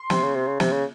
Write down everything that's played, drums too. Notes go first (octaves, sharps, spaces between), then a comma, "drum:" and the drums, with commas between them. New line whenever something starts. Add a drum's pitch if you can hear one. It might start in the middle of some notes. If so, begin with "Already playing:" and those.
Already playing: C6
C3, drum: snare
C#3
C3
C#3
C3, drum: snare
C#3